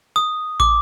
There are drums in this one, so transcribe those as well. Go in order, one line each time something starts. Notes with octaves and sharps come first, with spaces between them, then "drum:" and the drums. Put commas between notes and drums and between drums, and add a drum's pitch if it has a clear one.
D#6
D6, drum: kick